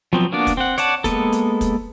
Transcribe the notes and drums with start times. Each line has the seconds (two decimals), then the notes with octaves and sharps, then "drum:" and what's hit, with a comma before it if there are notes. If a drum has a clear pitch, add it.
0.13 F3 F#3 B3 C4
0.33 A#3 B3 D4 F#4 D5
0.47 drum: kick, hi-hat
0.57 C4 F#5
0.78 C#5 D5 F#5 A5, drum: hi-hat
1.04 G#3 A#3 B3 A4, drum: kick, hi-hat
1.32 drum: hi-hat
1.61 drum: kick, hi-hat